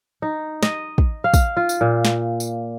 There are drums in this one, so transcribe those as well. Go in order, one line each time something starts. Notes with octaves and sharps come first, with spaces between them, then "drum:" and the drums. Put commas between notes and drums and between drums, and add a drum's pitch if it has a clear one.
D#4
D#5, drum: snare
drum: kick
F5
drum: kick, tambourine
F4
drum: tambourine
A#2
drum: snare
drum: tambourine